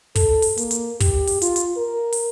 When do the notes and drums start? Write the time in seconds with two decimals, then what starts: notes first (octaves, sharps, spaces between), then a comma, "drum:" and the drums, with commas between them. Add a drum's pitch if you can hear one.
0.15 A4, drum: kick, open hi-hat
0.42 drum: open hi-hat
0.57 A#3, drum: hi-hat
0.71 drum: hi-hat
1.00 G4, drum: kick, open hi-hat
1.27 drum: open hi-hat
1.42 F4, drum: hi-hat
1.56 drum: hi-hat
1.77 A#4
2.12 drum: open hi-hat